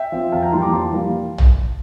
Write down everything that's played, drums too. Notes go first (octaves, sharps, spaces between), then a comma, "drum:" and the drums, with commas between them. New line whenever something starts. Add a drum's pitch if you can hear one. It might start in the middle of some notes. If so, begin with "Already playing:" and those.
Already playing: E5 G5
F3 C4
F2 F5 A5
G5 A#5
E3 G3 A#3 A5 C6
A#5 D6
F2 A5 C6
E3 G3 A#3
drum: tom